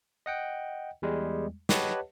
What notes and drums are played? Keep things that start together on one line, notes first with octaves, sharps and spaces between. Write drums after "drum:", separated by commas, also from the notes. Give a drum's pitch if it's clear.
D#5 F#5 G5
E2 G3 G#3
G4 B4 C#5 D#5 F#5 A5, drum: snare